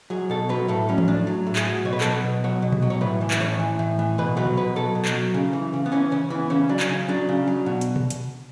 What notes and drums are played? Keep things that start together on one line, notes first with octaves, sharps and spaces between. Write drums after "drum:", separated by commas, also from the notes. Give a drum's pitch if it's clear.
F#3 G#4
B2 A4
F#3 B4
A2 A4
F#3 C#4
drum: tom E3
A2 D4
F#3
A2
G#4, drum: clap
F#3
B2 C#5
B4
A4, drum: clap
F#3 B4
B2
F#3 C#5
B2
drum: tom B2
F#3
C#5
A2 B4
E3
drum: clap
A2 C#5
E3
A2
E3
B2 B4
F#3 B4
drum: tom B2
B2 B4
F#3 A4
B2
drum: clap
F#3
C#3
E3
C#3
B3
E3 C#4
C#3 C#4
E3 B3
C#3 C#4
F#3 D4
drum: clap
C#3 C#4
F#3 D4
C#3
F#3
B2
drum: hi-hat
drum: tom B2
drum: hi-hat